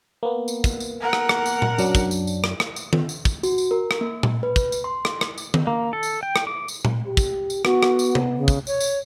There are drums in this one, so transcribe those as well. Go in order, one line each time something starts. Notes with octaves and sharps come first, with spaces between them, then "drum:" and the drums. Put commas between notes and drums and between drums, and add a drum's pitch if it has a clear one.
A#3 B3
drum: tambourine
drum: kick, tambourine
drum: tambourine
A#4 F#5
drum: rim click
drum: rim click
drum: tambourine
drum: tom A#2
F#2 F#3 D4, drum: tambourine
drum: kick, tambourine
drum: tambourine
drum: tambourine
drum: rim click
drum: rim click
drum: tambourine
drum: tom D#3
drum: tambourine
drum: kick, tambourine
F#4, drum: tambourine
drum: tambourine
A#4
drum: rim click
A#3
drum: tom A#2
B4
drum: kick, tambourine
drum: tambourine
C6
drum: rim click
drum: rim click
drum: tambourine
drum: tom D#3
A#3
A4
drum: tambourine
G5
drum: rim click
D6
drum: tambourine
drum: tom A#2
G4
drum: kick, tambourine
drum: tambourine
B3 F#4, drum: rim click
drum: rim click
drum: tambourine
drum: tom C3
C#3
drum: kick, tambourine
C#5, drum: tambourine
drum: tambourine